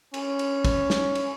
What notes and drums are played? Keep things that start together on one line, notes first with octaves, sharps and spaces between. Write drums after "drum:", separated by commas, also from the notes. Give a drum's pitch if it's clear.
C#4, drum: cymbal
drum: cymbal
drum: kick, cymbal
drum: snare
drum: cymbal